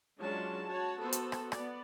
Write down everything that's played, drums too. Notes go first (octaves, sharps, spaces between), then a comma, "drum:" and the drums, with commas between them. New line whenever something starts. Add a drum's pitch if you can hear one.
F#3 G#3 C#4 D4 F4 A5
F#4 C#5 A5
B3 F#4 A4 C5
drum: hi-hat
drum: rim click
B3 D5, drum: rim click